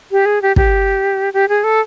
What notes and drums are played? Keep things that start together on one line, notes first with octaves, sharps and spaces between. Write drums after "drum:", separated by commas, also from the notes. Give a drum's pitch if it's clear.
G4
G#4
G4
G4, drum: kick
G4
G#4
A4